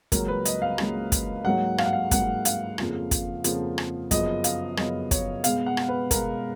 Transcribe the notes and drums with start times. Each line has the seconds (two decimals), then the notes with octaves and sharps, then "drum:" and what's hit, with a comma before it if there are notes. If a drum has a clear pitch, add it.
0.12 C#2 C#3 F#3 A#3 A#4, drum: kick, hi-hat
0.28 B4
0.45 D#5, drum: hi-hat
0.62 F5
0.78 C#2 C#3 F#3 A#3, drum: rim click
1.12 drum: kick, hi-hat
1.45 G#2 F#3 A#3 F#5
1.78 F5, drum: rim click
1.86 F#5
1.93 F5
2.11 G#2 F#3 A#3 F#5, drum: kick, hi-hat
2.45 F5, drum: hi-hat
2.78 F2 C#3 F3 A#3, drum: rim click
3.11 drum: kick, hi-hat
3.44 F2 C#3 F3 A#3, drum: hi-hat
3.78 drum: rim click
4.11 F#2 C#3 F3 B3 D#5, drum: kick, hi-hat
4.44 F5, drum: hi-hat
4.77 F#2 C#3 F3 B3 D#5, drum: rim click
5.11 C#5, drum: kick, hi-hat
5.44 B2 G#3 B3 F5, drum: hi-hat
5.66 F#5
5.77 drum: rim click
5.89 B4
6.11 B2 G#3 B3 A#4, drum: kick, hi-hat